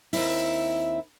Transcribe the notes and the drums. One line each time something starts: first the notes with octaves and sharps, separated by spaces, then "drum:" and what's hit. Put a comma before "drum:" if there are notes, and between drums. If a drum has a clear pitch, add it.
D#2 C4 E4, drum: open hi-hat